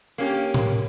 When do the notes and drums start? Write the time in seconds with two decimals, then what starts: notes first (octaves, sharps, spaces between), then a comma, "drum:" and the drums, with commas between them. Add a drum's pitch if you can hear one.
0.18 A#3 C#4 G4
0.54 drum: tom A2